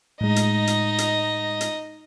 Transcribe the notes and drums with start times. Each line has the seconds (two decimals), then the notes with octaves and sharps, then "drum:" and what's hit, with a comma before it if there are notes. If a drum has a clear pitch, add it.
0.21 A2 G#3 D#4 D#5
0.36 drum: hi-hat
0.67 drum: hi-hat
0.98 drum: hi-hat
1.61 drum: hi-hat